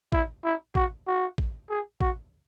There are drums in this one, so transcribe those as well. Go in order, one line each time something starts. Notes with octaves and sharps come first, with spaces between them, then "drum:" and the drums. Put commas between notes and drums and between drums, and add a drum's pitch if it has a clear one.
E4, drum: kick
E4
F#4, drum: kick
F#4
drum: kick
G#4
F#4, drum: kick